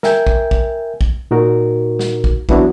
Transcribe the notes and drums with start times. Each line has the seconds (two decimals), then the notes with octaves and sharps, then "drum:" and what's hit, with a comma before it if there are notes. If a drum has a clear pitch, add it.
0.03 A#4 E5 G5 G#5 G6, drum: snare
0.27 drum: kick
0.51 drum: kick
1.01 drum: kick
1.31 A#2 D#4 F#4 A#4
1.99 drum: snare
2.24 drum: kick
2.49 E3 F#3 B3 D4 E4 F#4, drum: kick